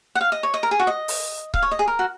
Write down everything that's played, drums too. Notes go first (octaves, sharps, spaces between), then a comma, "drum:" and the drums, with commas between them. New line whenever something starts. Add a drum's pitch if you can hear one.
F#5
F5
D#5
C#5
D#5
A#4
G#4
F#4
D#5
drum: open hi-hat
F5, drum: kick C#1
C#5
D#5
G#4
A#4
F#4